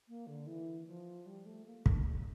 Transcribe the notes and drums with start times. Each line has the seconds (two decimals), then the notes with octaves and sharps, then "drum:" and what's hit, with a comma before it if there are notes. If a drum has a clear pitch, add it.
0.08 A#3
0.27 D3
0.47 E3
0.87 F3
1.26 G3
1.46 A3
1.66 A#3
1.86 D4, drum: kick
2.05 G3